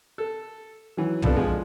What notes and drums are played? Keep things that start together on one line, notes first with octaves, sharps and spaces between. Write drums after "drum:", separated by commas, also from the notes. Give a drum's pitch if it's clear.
A4
E3 F#3
C3 F3 B3 D4 A4, drum: tom
F3 G#3 F4